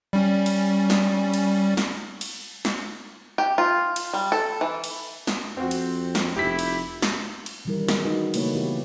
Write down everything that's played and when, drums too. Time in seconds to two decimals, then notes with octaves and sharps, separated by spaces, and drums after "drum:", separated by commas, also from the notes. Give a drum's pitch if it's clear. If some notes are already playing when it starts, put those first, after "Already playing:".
0.13 G3 C#4
0.46 drum: cymbal
0.90 drum: snare
1.34 drum: cymbal
1.77 drum: snare
2.21 drum: cymbal
2.65 drum: snare
3.38 G4
3.58 F4
3.96 drum: cymbal
4.13 G3
4.32 A4
4.61 E3
4.84 drum: cymbal
5.27 drum: snare
5.57 F2 C4 F#4
5.71 drum: cymbal
6.15 drum: snare
6.36 F1 E4 G4 B6
6.59 drum: cymbal
7.02 drum: snare
7.46 drum: cymbal
7.65 D#3 E3 G3 C#4 E4 A#4
7.88 G#4, drum: snare
8.04 D#4 F#4 B4
8.34 C#3 A3 A#3 E4 B4 C#5, drum: cymbal
8.54 E3 B3 E4 G4